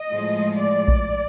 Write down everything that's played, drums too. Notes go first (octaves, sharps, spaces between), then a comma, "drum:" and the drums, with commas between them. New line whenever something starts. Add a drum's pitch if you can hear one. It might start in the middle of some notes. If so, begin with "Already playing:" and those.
Already playing: D#5
A2 F3 G#3
D5
drum: kick A#1